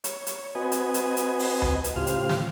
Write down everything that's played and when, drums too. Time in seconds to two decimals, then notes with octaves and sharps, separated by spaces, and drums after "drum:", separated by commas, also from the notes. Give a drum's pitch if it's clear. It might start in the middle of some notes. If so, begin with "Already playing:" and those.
0.04 C#5, drum: hi-hat
0.27 drum: hi-hat
0.55 C4 F#4 B4 D#5 G#5
0.72 drum: hi-hat
0.94 drum: hi-hat
1.17 drum: hi-hat
1.39 drum: open hi-hat
1.62 drum: tom D2
1.84 drum: hi-hat
1.96 A2 C#3 F4 G4 C5 F6
2.07 drum: hi-hat
2.29 drum: snare